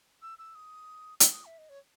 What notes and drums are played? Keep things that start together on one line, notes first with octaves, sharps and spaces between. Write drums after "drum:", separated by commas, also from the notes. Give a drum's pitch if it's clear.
E6
E6
D#6
E6, drum: hi-hat
D#6
E5
D#5
C#5